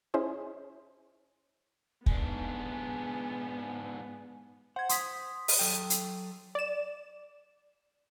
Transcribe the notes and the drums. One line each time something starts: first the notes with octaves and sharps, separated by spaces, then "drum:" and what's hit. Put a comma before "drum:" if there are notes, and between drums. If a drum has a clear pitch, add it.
C#4 E4 G#4 C5 D#5
G#2 B3 D4 G#5, drum: kick
C5 F#5 G#6
C6 D#6 B6, drum: hi-hat
drum: open hi-hat
F#3 A4 G5
drum: hi-hat
D5 E7